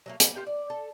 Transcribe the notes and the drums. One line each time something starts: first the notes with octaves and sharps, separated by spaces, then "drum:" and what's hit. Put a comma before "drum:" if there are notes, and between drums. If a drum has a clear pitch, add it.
F#3 A3 A#3
G3, drum: hi-hat
F4 G4 G5
D5
A4